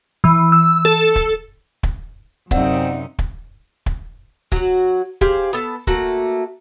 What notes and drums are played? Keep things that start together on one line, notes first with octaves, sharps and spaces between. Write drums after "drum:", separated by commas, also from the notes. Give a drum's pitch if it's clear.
E3
E6
A4
drum: kick
drum: kick
F#2 C3 C4 D#4 D5 F5 F#5, drum: kick
drum: kick
drum: kick
F#3 F#4, drum: kick
G4 G#4 C5 F5, drum: kick
B3 A4
A3 A#3 F#4, drum: kick